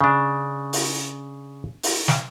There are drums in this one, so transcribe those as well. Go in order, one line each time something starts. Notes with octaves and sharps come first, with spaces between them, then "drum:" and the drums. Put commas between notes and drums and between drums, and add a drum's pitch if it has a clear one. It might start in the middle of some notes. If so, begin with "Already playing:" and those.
C#3 D4
drum: open hi-hat
drum: open hi-hat
drum: snare